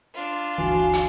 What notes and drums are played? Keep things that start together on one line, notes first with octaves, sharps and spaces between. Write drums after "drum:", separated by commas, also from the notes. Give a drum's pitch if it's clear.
D4 F4
G1 D2 E3 F#4 G#5
drum: hi-hat